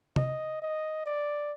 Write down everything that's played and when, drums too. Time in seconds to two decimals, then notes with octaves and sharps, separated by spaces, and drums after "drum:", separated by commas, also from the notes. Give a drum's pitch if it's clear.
0.16 D#5, drum: tom C3
0.62 D#5
1.06 D5